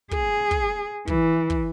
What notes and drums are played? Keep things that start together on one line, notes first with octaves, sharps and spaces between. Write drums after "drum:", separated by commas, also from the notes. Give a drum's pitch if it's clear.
G#4, drum: kick
drum: kick
E3, drum: kick
drum: kick